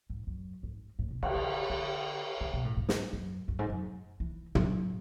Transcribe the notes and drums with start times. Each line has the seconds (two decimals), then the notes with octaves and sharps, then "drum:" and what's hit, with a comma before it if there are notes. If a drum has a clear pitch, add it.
0.10 G#2
0.27 F#2
0.63 G#2
0.99 A2
1.11 B2
1.23 C#3, drum: cymbal
1.35 D3
1.70 D3
2.41 D3
2.53 B2
2.65 A2
2.77 G#2
2.89 drum: snare
3.13 F#2
3.48 F#2
3.59 G#2
3.70 F#2
4.20 E3
4.55 F#3, drum: tom